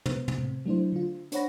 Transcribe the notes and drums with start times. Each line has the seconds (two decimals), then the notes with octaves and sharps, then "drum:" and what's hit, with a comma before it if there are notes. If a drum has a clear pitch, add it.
0.06 B3 C5, drum: tom
0.28 drum: tom
0.38 A2 C3
0.66 F#3 A3 D4 E4 C5
0.92 D3 F4
1.32 D4 C5 C#5 F#5 B5 A#6, drum: hi-hat